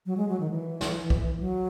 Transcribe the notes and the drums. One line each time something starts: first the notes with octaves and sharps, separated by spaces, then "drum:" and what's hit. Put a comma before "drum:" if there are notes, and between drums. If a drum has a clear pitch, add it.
F#3
G#3
F#3
D#3
E3
drum: snare
drum: kick
F#3